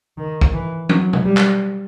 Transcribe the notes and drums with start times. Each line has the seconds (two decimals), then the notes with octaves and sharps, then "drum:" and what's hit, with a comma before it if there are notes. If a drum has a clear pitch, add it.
0.18 D#3
0.41 drum: kick
0.53 E3
0.89 F#3, drum: tom E3
1.13 drum: tom B2
1.25 G3
1.37 drum: clap